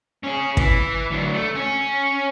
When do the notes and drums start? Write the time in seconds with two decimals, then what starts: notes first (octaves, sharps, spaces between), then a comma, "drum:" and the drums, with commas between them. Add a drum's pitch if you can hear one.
0.24 C#4 G#4
0.57 E3, drum: kick
1.11 D2 F#3
1.34 A3
1.55 C#4